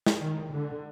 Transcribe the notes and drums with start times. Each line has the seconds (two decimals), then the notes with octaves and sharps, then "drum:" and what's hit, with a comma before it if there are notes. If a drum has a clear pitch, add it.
0.06 drum: snare
0.18 D#3
0.50 D3